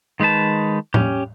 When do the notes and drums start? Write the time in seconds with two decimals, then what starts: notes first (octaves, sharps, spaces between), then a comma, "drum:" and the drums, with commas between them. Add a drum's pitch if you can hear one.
0.20 D#3 G#3 D#4 B4 A5
0.94 C#4 G4, drum: tom A2